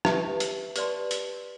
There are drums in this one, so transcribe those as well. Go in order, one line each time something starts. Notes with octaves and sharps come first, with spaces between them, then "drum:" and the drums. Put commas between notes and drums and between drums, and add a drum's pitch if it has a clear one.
G4 B4 E5 A5, drum: rim click
drum: hi-hat
G4 B4 D5 A5 C6, drum: hi-hat
drum: hi-hat